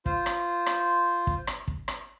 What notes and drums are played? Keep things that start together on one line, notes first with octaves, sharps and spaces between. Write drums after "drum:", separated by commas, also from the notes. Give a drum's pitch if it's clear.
F4 C5, drum: kick
drum: rim click
drum: rim click
drum: kick
drum: rim click
drum: kick
drum: rim click